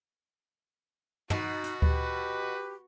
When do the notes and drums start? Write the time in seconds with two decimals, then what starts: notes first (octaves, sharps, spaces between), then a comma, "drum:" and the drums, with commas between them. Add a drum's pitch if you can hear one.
1.30 B2 D#4 F#4, drum: tom
1.64 drum: hi-hat
1.82 G4 B4, drum: kick D2